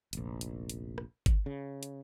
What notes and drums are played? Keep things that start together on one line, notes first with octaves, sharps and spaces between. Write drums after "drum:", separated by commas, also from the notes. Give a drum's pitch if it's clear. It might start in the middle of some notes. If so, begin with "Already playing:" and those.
F1 A#1, drum: hi-hat
drum: hi-hat
drum: hi-hat
drum: rim click
drum: kick G1, hi-hat
C#3
drum: hi-hat